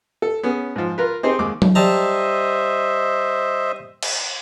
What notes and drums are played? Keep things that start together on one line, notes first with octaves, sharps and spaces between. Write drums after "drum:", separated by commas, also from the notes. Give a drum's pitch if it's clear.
A4
B3 C#4 G#4
G#2 F3
F4 A#4 B4
C4 D#4 G4 G#4 C5
D#2 G#3 D6
drum: tom F#3
G3 C5 D#5 E5 A5 A#5
drum: cymbal